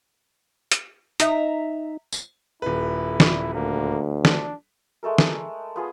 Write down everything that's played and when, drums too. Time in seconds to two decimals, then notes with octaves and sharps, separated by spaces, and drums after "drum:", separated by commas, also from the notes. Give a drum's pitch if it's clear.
0.72 drum: hi-hat
1.20 D#4 E5 A#5, drum: hi-hat
2.12 drum: tambourine
2.62 D#1 E4 B4
3.20 drum: snare
3.54 D2 A#3
4.25 D4, drum: snare
5.03 G#3 A3 A4 A#4
5.18 drum: snare
5.76 B3 F4 G#4